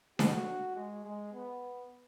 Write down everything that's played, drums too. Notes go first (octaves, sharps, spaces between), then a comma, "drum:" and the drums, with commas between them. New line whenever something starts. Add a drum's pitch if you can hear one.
F#4, drum: snare D4
G#3
G#3
B3